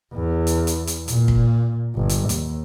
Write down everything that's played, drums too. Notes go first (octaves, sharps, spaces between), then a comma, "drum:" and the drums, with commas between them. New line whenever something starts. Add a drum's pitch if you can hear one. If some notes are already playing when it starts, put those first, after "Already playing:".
E2
drum: hi-hat
drum: hi-hat
drum: hi-hat
A#2, drum: hi-hat
drum: kick
G1
drum: hi-hat
D#2, drum: hi-hat